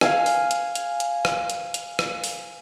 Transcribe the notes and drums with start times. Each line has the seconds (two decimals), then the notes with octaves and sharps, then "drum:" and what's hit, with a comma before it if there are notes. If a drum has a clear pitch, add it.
0.01 F5 G#5, drum: rim click
0.26 drum: open hi-hat
0.51 drum: hi-hat
0.75 drum: hi-hat
1.00 drum: hi-hat
1.25 drum: rim click
1.50 drum: hi-hat
1.74 drum: hi-hat
1.99 drum: rim click
2.24 drum: open hi-hat